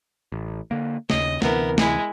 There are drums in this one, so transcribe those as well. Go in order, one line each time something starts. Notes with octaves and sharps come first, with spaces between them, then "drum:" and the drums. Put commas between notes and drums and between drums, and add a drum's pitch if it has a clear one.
A1
D3 A#3
D#2 C#3 D#5, drum: snare
D2 C3 E3 B3 A#4, drum: snare
G#3 E4, drum: snare